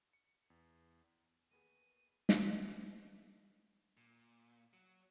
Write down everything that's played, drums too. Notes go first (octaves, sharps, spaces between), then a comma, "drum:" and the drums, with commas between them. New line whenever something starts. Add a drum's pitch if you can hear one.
C#7
E2
D#2 B3 G#4 D#7
drum: snare
A#2
F#3